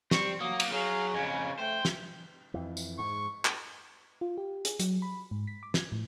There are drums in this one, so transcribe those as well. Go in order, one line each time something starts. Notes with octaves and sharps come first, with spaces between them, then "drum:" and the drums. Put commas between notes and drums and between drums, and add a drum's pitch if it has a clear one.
G3 C4 C#6, drum: snare
F#3 A#3 D#6
drum: cymbal
F#3 G#4 F5
F2 C#3 G#5
A3 C5 G5
drum: snare
F2 E3
drum: tambourine
G#2 C#6
drum: clap
F4
G4
G#4, drum: hi-hat
F#3, drum: hi-hat
B5
G#2
B6
D6
G#6, drum: snare
A2